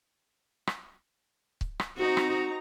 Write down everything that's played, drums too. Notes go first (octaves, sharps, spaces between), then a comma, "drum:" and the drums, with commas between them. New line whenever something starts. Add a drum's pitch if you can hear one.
drum: rim click
drum: kick C#1
drum: rim click
C4 D#4 F#4 A#5
drum: rim click